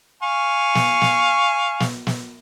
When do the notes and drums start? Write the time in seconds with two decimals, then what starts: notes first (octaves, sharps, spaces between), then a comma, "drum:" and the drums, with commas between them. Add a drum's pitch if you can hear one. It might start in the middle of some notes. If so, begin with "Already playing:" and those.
0.23 F5 G#5 C#6
0.75 drum: snare
1.01 drum: snare
1.80 drum: snare
2.07 drum: snare